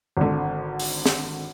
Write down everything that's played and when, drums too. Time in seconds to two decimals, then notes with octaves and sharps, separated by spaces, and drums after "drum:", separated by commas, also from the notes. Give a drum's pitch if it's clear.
0.17 G#1 D3
0.80 drum: open hi-hat
1.06 drum: snare